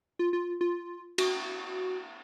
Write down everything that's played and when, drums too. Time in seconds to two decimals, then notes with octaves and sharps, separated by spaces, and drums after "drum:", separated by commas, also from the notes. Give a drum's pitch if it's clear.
0.19 F4
0.33 F4
0.61 F4
1.18 F#4, drum: cymbal